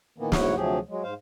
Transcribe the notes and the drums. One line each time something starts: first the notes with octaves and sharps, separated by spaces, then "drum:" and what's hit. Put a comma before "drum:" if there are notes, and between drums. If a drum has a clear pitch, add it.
A#2 D#3 E3 A#3 B3
D2 G#2 F#3 E4 C#5 F#5, drum: snare
D2 C3 F3 F#3 G4 G#4
F#3 G#3
G#2 C5 F5